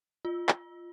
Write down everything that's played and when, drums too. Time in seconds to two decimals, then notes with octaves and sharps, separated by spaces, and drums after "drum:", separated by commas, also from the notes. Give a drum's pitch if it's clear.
0.25 F4
0.49 drum: clap